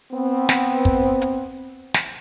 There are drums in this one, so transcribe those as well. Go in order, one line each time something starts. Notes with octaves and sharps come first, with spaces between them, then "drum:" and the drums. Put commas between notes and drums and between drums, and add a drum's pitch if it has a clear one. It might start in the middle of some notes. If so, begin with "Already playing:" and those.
B3 C4
drum: snare
drum: kick
drum: hi-hat
drum: snare